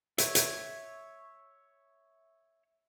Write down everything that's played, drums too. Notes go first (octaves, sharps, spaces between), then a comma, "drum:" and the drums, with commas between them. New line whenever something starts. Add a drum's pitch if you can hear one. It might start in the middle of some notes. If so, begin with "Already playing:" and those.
C#5 E5, drum: hi-hat
drum: hi-hat